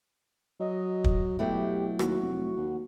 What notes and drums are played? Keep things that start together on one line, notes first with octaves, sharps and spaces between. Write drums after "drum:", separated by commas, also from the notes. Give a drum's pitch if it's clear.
F#3 D#5
drum: kick
B2 F#3 A3 E4 G4
D#2 F#4, drum: rim click
F1
D#2